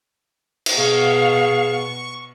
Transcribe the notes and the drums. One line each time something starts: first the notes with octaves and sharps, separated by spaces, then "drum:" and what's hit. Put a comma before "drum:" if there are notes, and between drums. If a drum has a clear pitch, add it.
drum: cymbal
B2 G#4 F5 C#6